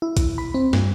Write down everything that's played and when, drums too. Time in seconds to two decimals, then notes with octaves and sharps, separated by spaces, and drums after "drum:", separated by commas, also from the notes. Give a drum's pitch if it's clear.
0.02 E4
0.17 drum: kick A#1, hi-hat
0.38 B5
0.54 C4
0.73 G2, drum: snare